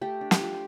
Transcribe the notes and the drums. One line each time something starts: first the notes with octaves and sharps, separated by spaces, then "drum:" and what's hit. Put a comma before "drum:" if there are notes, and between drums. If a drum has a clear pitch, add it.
A3 G4
D4
G4, drum: snare
F3